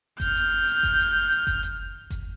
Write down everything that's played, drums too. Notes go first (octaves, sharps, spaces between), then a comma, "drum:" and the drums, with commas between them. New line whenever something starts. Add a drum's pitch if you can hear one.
F6 G6, drum: kick F#1, hi-hat
drum: hi-hat
drum: hi-hat
drum: kick F#1, hi-hat
drum: hi-hat
drum: hi-hat
drum: kick F#1, hi-hat
drum: hi-hat
drum: kick F#1, hi-hat